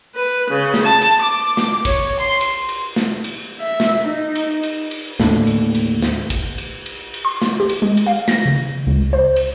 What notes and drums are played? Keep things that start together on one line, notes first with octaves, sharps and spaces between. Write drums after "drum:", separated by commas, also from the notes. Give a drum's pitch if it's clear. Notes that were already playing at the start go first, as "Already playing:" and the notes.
B4
C#3
drum: snare
A5
drum: cymbal
D6
drum: snare
C#5, drum: kick, cymbal
C6
drum: cymbal
drum: cymbal
drum: snare
drum: cymbal
E5
drum: snare
D#4
drum: cymbal
drum: cymbal
drum: cymbal
D#2 A2 D3, drum: snare
drum: cymbal
drum: cymbal
drum: snare
drum: kick, cymbal
drum: cymbal
drum: cymbal
drum: cymbal
C6
drum: snare
G4
drum: cymbal
G#3
drum: cymbal
F5
A#6, drum: snare
C#3
C#2
C5
drum: cymbal